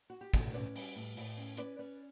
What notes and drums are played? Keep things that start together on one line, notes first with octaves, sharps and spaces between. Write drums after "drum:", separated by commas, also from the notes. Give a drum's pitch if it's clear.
F#4
G4
A2 F#4 A4, drum: kick, hi-hat
C#4 B4 D5
G3, drum: open hi-hat
A2
A2, drum: open hi-hat
C#4
C#4 B4 D5, drum: hi-hat
C#4 B4 D5